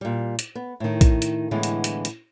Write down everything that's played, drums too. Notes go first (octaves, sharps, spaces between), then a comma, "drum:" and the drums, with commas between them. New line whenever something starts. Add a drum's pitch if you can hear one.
A#2 G3
drum: hi-hat
B3
A2 D#3
drum: kick, hi-hat
drum: hi-hat
A2 D3 E3 G#3 B3
drum: hi-hat
drum: hi-hat
drum: hi-hat